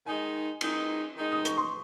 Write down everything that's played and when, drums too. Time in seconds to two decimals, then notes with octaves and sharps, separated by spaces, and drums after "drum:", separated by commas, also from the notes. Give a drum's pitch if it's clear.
0.06 D#3 G#3 D#4 G#5
0.61 D#3 G#3 D#4, drum: cymbal
1.16 D#3 G#3 D#4
1.32 D#6
1.45 C#6, drum: hi-hat
1.57 C6